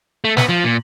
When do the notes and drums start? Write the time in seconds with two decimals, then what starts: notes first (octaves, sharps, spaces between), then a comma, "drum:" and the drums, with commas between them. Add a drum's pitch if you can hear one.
0.24 A3
0.37 B3, drum: snare
0.49 F3
0.64 A#2